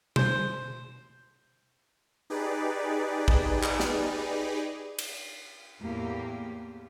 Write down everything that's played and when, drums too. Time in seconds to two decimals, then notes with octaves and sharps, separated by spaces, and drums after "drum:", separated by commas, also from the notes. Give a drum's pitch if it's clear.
0.16 C5, drum: tom B2
2.30 D#4 G4 G#4 B4 D5
3.28 drum: kick A1
3.63 drum: clap
3.80 drum: snare
4.99 drum: cymbal
5.82 E2 A2 A#3 G4